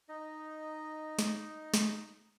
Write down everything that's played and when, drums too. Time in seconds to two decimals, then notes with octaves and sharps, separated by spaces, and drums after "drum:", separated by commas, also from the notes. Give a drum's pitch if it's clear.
0.09 D#4 D#5
1.19 drum: snare
1.74 drum: snare